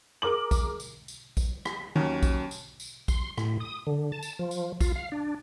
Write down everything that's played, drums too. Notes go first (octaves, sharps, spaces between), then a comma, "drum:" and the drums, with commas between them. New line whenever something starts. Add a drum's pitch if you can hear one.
G#4 A#4 D6 F#7
drum: kick, tambourine
drum: tambourine
drum: tambourine
drum: kick, tambourine
drum: rim click
D#2 D#3 F#3 C#4
drum: kick, tambourine
drum: tambourine
drum: tambourine
C6, drum: kick, tambourine
A2, drum: rim click
D#6
D3
A5
drum: tambourine
F3
drum: tambourine
F4, drum: kick, tambourine
F5
D4